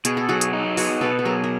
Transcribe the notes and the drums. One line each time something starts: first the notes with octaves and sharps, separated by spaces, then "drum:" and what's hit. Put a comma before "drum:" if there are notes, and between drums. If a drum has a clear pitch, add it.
B2 G#4, drum: hi-hat
A4
F#3 F#4 G#4
drum: hi-hat
D#4
B3 F#4 G#4, drum: open hi-hat
B2 A4 B4
A4
F#3 G#4 A#4
A#4